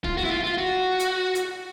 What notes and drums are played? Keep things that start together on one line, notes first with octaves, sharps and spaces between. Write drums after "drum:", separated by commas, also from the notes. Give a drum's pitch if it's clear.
F4, drum: kick
F#4
E4
F4
F4
F#4
drum: hi-hat
drum: hi-hat